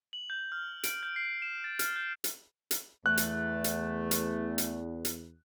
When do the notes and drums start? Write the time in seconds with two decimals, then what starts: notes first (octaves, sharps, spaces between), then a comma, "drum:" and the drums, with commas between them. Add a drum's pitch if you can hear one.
0.13 F#7
0.30 G6
0.52 F6
0.83 D7, drum: hi-hat
1.03 G6
1.16 C7
1.42 E7
1.64 A6
1.79 F6, drum: hi-hat
1.96 G6
2.24 drum: hi-hat
2.71 drum: hi-hat
3.06 E2 A3 F#6
3.17 drum: hi-hat
3.64 drum: hi-hat
4.11 drum: hi-hat
4.58 drum: hi-hat
5.05 drum: hi-hat